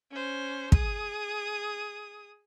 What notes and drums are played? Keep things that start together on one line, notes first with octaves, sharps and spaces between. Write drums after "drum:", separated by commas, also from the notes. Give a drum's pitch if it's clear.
C#4 C5
G#4 D#6, drum: kick